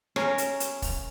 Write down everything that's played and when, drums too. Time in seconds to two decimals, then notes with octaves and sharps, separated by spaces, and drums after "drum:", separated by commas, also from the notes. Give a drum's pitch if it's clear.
0.16 C#4 A#4, drum: rim click
0.38 drum: hi-hat
0.60 drum: hi-hat
0.82 drum: kick, open hi-hat